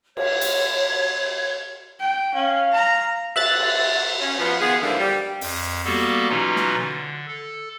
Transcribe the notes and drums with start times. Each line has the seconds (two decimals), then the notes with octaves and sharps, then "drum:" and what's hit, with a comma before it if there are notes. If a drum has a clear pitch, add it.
0.17 C#5 G#6, drum: cymbal
0.41 drum: hi-hat
2.00 G5
2.35 C#4 F5
2.72 A#5
3.36 E5 F#6 A6, drum: cymbal
3.60 drum: cymbal
4.21 C#4
4.39 F3 B3
4.60 D#3 B3 F4 G#4
4.82 G#2 D3 E3 F3 G3 A#3
4.99 G3
5.41 F2, drum: open hi-hat
5.85 G3 A#3 B3 F#4 G4 A4
6.29 B2 E3 F#3 C#4 D#4 F4
6.56 drum: snare
6.80 D3
7.28 A4